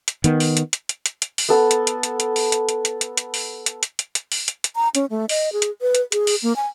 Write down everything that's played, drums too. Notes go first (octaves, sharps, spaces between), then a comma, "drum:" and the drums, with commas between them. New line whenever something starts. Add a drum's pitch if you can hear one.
drum: hi-hat
D#3 B3, drum: hi-hat
drum: open hi-hat
drum: hi-hat
drum: hi-hat
drum: hi-hat
drum: hi-hat
drum: hi-hat
drum: open hi-hat
B3 A4
drum: hi-hat
drum: hi-hat
drum: hi-hat
drum: hi-hat
drum: open hi-hat
drum: hi-hat
drum: hi-hat
drum: hi-hat
drum: hi-hat
drum: hi-hat
drum: open hi-hat
drum: hi-hat
drum: hi-hat
drum: hi-hat
drum: hi-hat
drum: open hi-hat
drum: hi-hat
drum: hi-hat
A#5
C#4, drum: hi-hat
A3
D#5, drum: open hi-hat
G#4
drum: hi-hat
B4
drum: hi-hat
G#4, drum: hi-hat
drum: open hi-hat
A#3
G#5